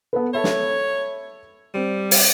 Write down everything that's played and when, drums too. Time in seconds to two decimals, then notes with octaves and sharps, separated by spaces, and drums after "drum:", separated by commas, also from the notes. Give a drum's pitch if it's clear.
0.13 B3 A4 B4
0.34 A4 C#5 E5 B5
0.44 drum: snare
1.74 G3 C4 C5
2.11 drum: open hi-hat